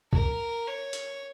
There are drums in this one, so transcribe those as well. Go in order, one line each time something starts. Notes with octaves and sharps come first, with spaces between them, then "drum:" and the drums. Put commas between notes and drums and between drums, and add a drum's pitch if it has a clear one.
A#4, drum: kick
C#5
drum: hi-hat